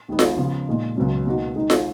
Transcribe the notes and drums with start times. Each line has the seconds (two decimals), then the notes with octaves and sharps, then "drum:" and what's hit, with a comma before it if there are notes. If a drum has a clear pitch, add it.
0.08 D#2 D#3 G#3 B3
0.19 drum: snare F4
0.37 C#3 F3 B3
0.66 A#2 G#3 D#4
0.96 C#2 B2 F#3 C#4
1.26 B2 A#3 D#4 F#4
1.56 D#3 G#3 D#4 G#4
1.70 drum: snare F4